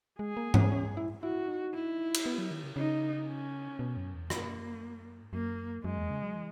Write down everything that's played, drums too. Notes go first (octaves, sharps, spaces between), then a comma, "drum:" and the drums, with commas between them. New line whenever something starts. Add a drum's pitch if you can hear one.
G#3 G#4
A#3
C#4, drum: tom G#2
C#4
E4
E4 F#4
D#4
E4
drum: cymbal
B3
F#3
D#3
C#3
C#3 D#4
C#4
B2
F#2
E2
F#2 A#3, drum: rim click
G#2
F#2 A#3
F#2 G#3
E2
C#3
F#3
E3